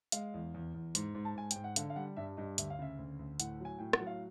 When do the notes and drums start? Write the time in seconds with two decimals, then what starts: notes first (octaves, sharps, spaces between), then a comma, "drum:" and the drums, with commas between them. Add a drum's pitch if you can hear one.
0.12 G#3 F5, drum: hi-hat
0.34 E2
0.54 E2
0.74 E2
0.95 G#2, drum: hi-hat
1.15 G#2
1.25 A5
1.35 G#2 G#5
1.51 G5, drum: hi-hat
1.56 G#2
1.64 F#5
1.76 D3 F5, drum: hi-hat
1.90 F5
1.96 G3 F#5
2.17 G2 E5
2.37 G2 D#5
2.58 D2 E5, drum: hi-hat
2.70 F5
2.79 C#3 E5
2.99 D2
3.19 D2
3.40 A2 F#5, drum: hi-hat
3.60 F#3 G#5
3.79 A2 G5
3.93 F#5, drum: rim click
4.00 F#3
4.07 F5